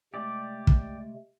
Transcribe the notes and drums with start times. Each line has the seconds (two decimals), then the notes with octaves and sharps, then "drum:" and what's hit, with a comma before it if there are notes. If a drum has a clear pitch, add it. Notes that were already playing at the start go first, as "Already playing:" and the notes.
0.14 C3 G#3 A3 G4 D5
0.67 drum: kick